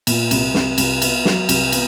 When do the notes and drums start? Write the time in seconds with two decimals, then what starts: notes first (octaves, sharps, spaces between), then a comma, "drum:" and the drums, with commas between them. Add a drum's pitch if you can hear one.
0.07 A#2, drum: cymbal
0.31 C2, drum: cymbal
0.54 C2, drum: snare
0.78 C2, drum: cymbal
1.02 B3, drum: cymbal
1.25 F#3, drum: snare
1.49 C2, drum: cymbal
1.72 B3, drum: cymbal